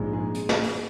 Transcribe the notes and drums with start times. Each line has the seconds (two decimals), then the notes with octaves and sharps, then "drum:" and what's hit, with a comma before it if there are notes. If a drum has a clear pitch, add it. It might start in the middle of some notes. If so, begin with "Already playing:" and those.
Already playing: A#1 G#2 G#3
0.13 G#4
0.35 drum: hi-hat
0.49 drum: snare
0.63 drum: open hi-hat